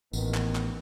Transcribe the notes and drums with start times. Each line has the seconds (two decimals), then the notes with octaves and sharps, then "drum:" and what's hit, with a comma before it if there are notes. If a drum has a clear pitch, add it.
0.13 A1 D#2 D#3 B3, drum: tambourine
0.34 drum: clap
0.55 drum: clap